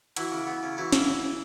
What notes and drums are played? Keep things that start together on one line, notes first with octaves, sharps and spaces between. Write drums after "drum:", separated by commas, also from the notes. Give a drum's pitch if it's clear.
E3 F#3 E4, drum: hi-hat
C#3
B3
C#3
E3 F#3 E4
C#3, drum: snare